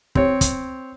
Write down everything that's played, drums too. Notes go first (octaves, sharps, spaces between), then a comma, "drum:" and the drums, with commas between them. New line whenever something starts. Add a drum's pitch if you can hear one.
C4 C#5, drum: kick
drum: kick, hi-hat